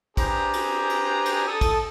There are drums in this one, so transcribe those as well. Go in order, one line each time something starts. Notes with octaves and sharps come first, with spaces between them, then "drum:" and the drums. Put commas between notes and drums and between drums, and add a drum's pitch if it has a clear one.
D4 G4 G#4 B4 C5 A#5, drum: kick, cymbal
drum: cymbal
drum: cymbal
drum: cymbal
A4 D#6
drum: kick, cymbal